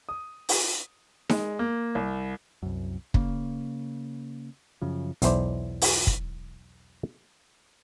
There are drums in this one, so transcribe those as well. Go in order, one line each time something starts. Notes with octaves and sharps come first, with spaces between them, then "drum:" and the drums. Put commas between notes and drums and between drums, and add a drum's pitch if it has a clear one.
D#6
drum: open hi-hat
G#3, drum: snare D#4
A#3
C2
C2 F#2
C#3 A#3, drum: kick
F#2 C#3 F3
B1 E2 E4 C5 D5, drum: hi-hat
drum: open hi-hat
drum: kick